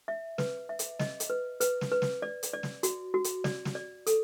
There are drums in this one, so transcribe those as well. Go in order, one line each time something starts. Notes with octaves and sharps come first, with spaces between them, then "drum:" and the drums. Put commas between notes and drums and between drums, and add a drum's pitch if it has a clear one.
E5
B4, drum: snare
E5
drum: hi-hat
D#5, drum: snare
drum: hi-hat
B4
B4, drum: hi-hat
drum: snare
B4
drum: snare
D5
drum: hi-hat
D5
drum: snare
F#4, drum: hi-hat
F#4
drum: hi-hat
D5, drum: snare
drum: snare
D5
A4, drum: hi-hat